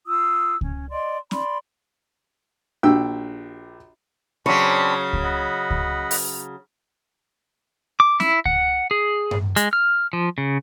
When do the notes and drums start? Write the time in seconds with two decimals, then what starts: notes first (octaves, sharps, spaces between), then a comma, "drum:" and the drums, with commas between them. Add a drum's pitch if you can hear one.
0.06 F4 D#6 E6
0.61 C#4, drum: kick C#2
0.91 D5 D#5 C6
1.31 D5 B5 C6, drum: snare
2.83 A#1 F#4 G4 G5 E6
4.46 C#3 F#3 C4 D4 C#5 B5
5.13 drum: kick C#2
5.23 D#5 F#5 B5
5.70 drum: kick C#2
6.11 drum: open hi-hat
8.00 D6
8.20 E4, drum: snare
8.46 F#5, drum: kick C#2
8.91 G#4
9.31 drum: tom G2
9.56 G#3, drum: hi-hat
9.73 F6
10.13 F3
10.38 C#3